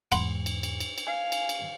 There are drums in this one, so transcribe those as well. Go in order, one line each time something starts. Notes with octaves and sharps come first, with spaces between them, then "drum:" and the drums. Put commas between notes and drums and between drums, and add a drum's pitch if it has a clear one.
E2 G#2 F#5 B5 C6, drum: cymbal
drum: cymbal
drum: cymbal
drum: cymbal
drum: cymbal
F5 G#5
drum: cymbal
drum: cymbal